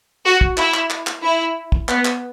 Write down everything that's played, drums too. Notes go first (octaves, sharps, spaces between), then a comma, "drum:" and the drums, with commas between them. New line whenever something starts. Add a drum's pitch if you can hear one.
F#4
drum: kick
E4, drum: clap
drum: clap
drum: clap
drum: clap
E4
drum: kick
B3, drum: clap
drum: clap